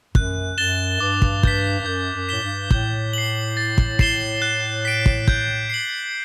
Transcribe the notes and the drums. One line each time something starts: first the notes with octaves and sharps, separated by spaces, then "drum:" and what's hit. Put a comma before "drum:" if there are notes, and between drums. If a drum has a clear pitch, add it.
F#2 F#6, drum: kick
F#2 A6 E7 G7
G2 D6
drum: kick
G6 B6, drum: kick
G2
F#2 G6
F#2
A2 B6 E7 G7
G2
A2 G6, drum: kick
C7 F#7
A6
drum: kick
C7 E7 G7, drum: kick
F#6
B6 D7
drum: kick
G6, drum: kick
C7 F#7